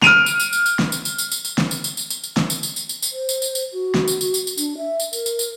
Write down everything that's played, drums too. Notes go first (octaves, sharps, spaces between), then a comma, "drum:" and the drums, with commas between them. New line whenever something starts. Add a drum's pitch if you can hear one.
F6 D7 D#7 F7, drum: snare
drum: tambourine
drum: tambourine
drum: tambourine
drum: tambourine
drum: snare
drum: tambourine
drum: tambourine
drum: tambourine
drum: tambourine
drum: tambourine
drum: snare
drum: tambourine
drum: tambourine
drum: tambourine
drum: tambourine
drum: tambourine
drum: snare
drum: tambourine
drum: tambourine
drum: tambourine
drum: tambourine
drum: tambourine
C5
drum: tambourine
drum: tambourine
drum: tambourine
F#4
drum: snare
drum: tambourine
drum: tambourine
drum: tambourine
drum: tambourine
D4, drum: tambourine
E5
drum: tambourine
A#4, drum: tambourine
drum: tambourine
drum: tambourine